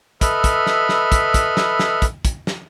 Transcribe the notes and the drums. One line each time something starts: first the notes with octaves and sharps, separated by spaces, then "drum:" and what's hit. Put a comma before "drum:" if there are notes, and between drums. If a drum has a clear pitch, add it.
A4 B4 D#5 E5 B5 F6, drum: kick, hi-hat
drum: kick, hi-hat
drum: snare
drum: snare
drum: kick, hi-hat
drum: kick, hi-hat
drum: snare
drum: snare
drum: kick, hi-hat
drum: kick, hi-hat
drum: snare